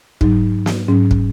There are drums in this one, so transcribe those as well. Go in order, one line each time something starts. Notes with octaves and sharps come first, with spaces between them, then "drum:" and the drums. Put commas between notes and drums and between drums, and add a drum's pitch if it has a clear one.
G#2 F#3 D#4, drum: kick
drum: snare
G#2 F#3 C#4
drum: kick